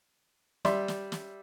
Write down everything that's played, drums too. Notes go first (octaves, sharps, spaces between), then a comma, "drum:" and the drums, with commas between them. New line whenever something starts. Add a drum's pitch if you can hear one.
G3 D5 E5 C6, drum: snare
drum: snare
drum: snare